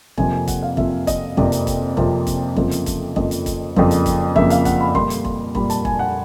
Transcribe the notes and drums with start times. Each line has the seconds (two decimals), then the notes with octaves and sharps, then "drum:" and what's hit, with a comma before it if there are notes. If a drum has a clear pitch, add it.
0.18 F2 C3 F3 A#3 G#5, drum: kick E1
0.33 G#5
0.48 F#5, drum: kick E1, hi-hat
0.63 F5
0.77 F2 C3 F3 A#3 E5, drum: kick E1
1.07 D#5, drum: kick E1, hi-hat
1.37 F2 C3 F3 A#3 D5, drum: kick E1
1.52 drum: hi-hat
1.67 drum: kick E1, hi-hat
1.97 F2 C3 F3 A#3, drum: kick E1
2.27 drum: kick E1, hi-hat
2.57 F2 C#3 F3 A#3, drum: kick E1
2.71 drum: hi-hat
2.86 drum: kick E1, hi-hat
3.16 F2 C#3 F3 A#3 D#5, drum: kick E1
3.31 drum: hi-hat
3.46 drum: kick E1, hi-hat
3.76 F2 C#3 F3 A#3, drum: kick E1
3.91 drum: hi-hat
4.06 drum: kick E1, hi-hat
4.36 F2 C#3 F3 A#3 E5, drum: kick E1
4.50 F5, drum: hi-hat
4.65 F#5, drum: kick E1, hi-hat
4.81 B5
4.95 A#2 G3 A#3 C6, drum: kick E1
5.10 drum: hi-hat
5.25 C6, drum: kick E1
5.55 A#2 G3 A#3 B5, drum: kick E1
5.70 A5, drum: hi-hat
5.85 G#5, drum: kick E1
5.99 F#5